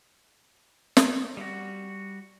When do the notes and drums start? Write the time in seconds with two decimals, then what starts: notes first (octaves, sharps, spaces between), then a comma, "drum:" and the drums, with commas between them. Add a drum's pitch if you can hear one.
0.97 drum: snare
1.37 G3 F#4